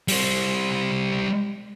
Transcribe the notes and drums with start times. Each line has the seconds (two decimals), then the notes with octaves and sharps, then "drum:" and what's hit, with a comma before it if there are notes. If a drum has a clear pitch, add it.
0.08 G3 C5, drum: open hi-hat